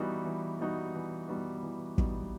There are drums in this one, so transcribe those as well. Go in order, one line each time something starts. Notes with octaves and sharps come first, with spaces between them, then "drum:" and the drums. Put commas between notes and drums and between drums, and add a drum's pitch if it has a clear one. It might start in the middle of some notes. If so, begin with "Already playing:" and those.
Already playing: E3 G3 B3 D#4 F#4
E3
G3 B3 D#4 F#4
E3
G3 B3 D#4 F#4
E3
G3 B3 D#4 F#4, drum: kick